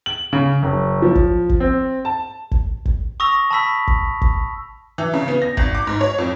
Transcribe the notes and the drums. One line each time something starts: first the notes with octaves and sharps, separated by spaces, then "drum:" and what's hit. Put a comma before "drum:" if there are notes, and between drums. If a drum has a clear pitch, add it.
F#7
C#3
F#1
F3
drum: kick
drum: kick
C4
A5
drum: kick
drum: kick
C#6 D#6 E6 A#6 F7
A5 B5 E6 B6
drum: kick
drum: kick
E3
C#3
B3
A#6
G#1, drum: kick
D6
G#2
C#5
F2